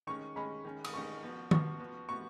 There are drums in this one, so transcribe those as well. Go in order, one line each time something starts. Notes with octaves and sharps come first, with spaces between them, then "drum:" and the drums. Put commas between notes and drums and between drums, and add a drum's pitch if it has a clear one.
D#3 G#3 C#4 C#6
D#3 G#3 C#4 B5
D#3 G#3 C#4
D#6, drum: cymbal
D#3 G#3 C#4 C#6
F3 B3 F#4
F3 B3 F#4 C#6, drum: tom
F3 B3 F#4
F3 B3 F#4 C#6